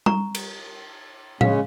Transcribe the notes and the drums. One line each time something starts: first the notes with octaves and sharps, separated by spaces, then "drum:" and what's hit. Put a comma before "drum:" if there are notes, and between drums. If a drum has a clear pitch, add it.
A#5 C#6, drum: tom G3
drum: cymbal
C#3 G#3 C#4 F5, drum: tom A2